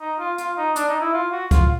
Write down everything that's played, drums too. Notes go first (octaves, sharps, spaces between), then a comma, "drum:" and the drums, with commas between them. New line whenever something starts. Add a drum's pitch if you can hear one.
D#4
F4
F4, drum: hi-hat
D#4
D4, drum: hi-hat
D#4
E4
F4
F#4
F4, drum: kick C#2, hi-hat